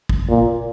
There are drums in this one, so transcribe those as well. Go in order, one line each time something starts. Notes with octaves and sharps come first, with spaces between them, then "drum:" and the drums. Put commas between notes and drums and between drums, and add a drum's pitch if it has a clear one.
drum: kick A1
A#2